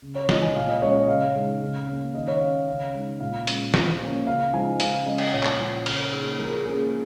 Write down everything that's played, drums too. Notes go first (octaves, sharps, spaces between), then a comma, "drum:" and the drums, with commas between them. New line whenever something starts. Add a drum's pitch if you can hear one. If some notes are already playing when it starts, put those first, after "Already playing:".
C#3
C#5
G#3 D#4 D#5, drum: snare
G#5
A#2 F5
D#5
G#3 C#4 C#5
D#5
C#3 F5
G#3 D#4
C#3
A#3 C#4
D#3 D#5
C#5
C#4 F5
C#3 F5
G#3 D#4
A#2 F5
G#3 C#4, drum: hi-hat
F3, drum: snare
A#3 C#4
C#3 F5
F3 G#3 D#4 G#5
C#3 F5, drum: hi-hat
G#3 C#4 D#5
drum: cymbal
A#2 C#5
drum: clap
F3 C#4
C#3 C#5, drum: cymbal
A#3 D#4 G#4
F3 A#4
G#4
A#3 C#4 G#4